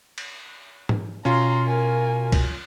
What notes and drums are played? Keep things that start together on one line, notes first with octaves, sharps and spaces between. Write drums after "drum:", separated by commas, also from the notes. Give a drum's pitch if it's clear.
drum: cymbal
drum: tom
B2 C#4 F4 A#5 C6
A#4 G#5
drum: kick, cymbal